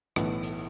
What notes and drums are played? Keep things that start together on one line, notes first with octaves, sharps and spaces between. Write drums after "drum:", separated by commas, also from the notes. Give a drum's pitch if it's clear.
B1 A2 E3 B3, drum: rim click
drum: hi-hat